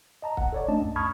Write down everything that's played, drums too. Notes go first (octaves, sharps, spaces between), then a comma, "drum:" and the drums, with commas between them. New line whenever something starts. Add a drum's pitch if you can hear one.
D#5 A5 A#5
F#5, drum: kick C#1
A4 C#5 D5
A3 C#4 D4 D#5 A5
C2 F#2
A5 B5 C#6 D#6 F6 G#6